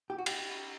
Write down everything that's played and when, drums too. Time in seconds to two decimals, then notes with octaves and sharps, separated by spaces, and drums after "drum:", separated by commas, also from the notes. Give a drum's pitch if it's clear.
0.10 G4
0.18 F#4
0.26 G4, drum: cymbal